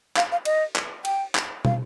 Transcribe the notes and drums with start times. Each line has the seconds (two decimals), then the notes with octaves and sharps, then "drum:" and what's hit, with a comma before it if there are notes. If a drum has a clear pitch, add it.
0.16 F5, drum: clap
0.32 F5
0.45 D#5, drum: cymbal
0.76 drum: clap
1.05 G5, drum: cymbal
1.35 drum: clap
1.65 F5, drum: tom